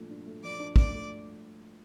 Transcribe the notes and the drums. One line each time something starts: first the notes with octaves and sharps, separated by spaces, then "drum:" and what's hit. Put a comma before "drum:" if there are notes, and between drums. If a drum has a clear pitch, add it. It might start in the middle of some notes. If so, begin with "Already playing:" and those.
Already playing: A#2 F3 A3 D4
D4
A3
F3 D5 D6
D4
A3 D5 D6, drum: kick
A3